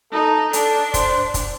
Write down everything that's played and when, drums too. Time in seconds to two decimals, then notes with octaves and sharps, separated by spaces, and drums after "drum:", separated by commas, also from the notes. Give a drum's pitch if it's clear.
0.12 D#4 A4
0.53 D4 A4, drum: hi-hat
0.94 C5, drum: kick, hi-hat
1.34 drum: kick, hi-hat